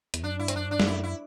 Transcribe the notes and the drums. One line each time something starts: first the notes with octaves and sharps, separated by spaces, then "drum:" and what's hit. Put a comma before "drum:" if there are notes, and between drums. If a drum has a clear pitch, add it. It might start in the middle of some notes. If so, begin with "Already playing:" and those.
E2, drum: hi-hat
F#2 D4
G2 E4
C4, drum: hi-hat
F#2 D4
G2 D4
F#2, drum: snare
E4
E4